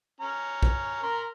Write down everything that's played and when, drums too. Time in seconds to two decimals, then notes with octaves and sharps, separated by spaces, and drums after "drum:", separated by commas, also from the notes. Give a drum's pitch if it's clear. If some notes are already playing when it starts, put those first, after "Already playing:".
0.21 C#4 A#5
0.63 drum: kick
1.03 A#4 A#5 C6